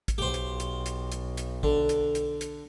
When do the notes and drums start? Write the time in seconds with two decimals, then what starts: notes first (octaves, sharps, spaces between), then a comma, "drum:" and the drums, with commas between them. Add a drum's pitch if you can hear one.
0.08 drum: kick, hi-hat
0.18 B1 G4 C5
0.34 drum: hi-hat
0.60 drum: hi-hat
0.86 drum: hi-hat
1.12 drum: hi-hat
1.37 drum: hi-hat
1.63 D3, drum: kick
1.89 drum: hi-hat
2.15 drum: hi-hat
2.41 drum: hi-hat